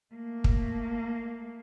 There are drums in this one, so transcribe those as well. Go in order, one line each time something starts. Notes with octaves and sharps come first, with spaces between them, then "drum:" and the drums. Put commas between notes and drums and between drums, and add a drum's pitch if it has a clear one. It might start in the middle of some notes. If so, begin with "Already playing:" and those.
A3 A#3
drum: kick